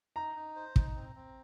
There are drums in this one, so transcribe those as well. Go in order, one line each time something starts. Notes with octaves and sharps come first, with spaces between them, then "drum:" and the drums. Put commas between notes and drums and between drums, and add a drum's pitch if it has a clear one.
D#4 A#5
D#4
C5
D#4, drum: kick
C4
C4